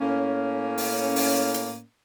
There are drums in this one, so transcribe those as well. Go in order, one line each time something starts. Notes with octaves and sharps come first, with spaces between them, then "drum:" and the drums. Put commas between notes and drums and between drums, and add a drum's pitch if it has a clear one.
A2 A#3 C#4
drum: open hi-hat
drum: open hi-hat
drum: hi-hat